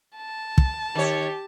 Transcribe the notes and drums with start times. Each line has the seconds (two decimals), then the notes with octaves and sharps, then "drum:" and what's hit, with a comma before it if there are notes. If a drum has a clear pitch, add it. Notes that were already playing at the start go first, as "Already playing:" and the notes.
0.17 A5
0.58 drum: kick
0.95 D#3 G4 C#5